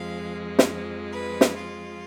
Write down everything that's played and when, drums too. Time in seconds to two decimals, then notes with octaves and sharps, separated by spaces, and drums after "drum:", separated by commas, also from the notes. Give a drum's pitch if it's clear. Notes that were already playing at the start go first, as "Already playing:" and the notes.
Already playing: F2 F3 G#3 F5
0.59 drum: snare
1.13 B4
1.41 drum: snare
1.55 F4